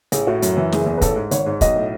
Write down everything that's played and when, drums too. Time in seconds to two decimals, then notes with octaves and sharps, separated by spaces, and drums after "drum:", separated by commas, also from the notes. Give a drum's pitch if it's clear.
0.12 A1 G#4, drum: hi-hat
0.27 A2 F#4
0.42 F#2, drum: hi-hat
0.57 E3
0.72 F#1 G#4, drum: snare
0.86 E2 G#4
0.98 B4
1.01 A1 A4, drum: kick, hi-hat
1.16 G#2
1.31 G#1 C#5, drum: hi-hat
1.46 G#2
1.61 B1 D#5, drum: kick, hi-hat
1.76 A2